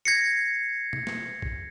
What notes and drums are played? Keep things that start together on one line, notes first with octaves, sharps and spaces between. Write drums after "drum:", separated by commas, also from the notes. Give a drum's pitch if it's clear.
G#6 A#6 C7 C#7
drum: tom
drum: snare
drum: kick A#1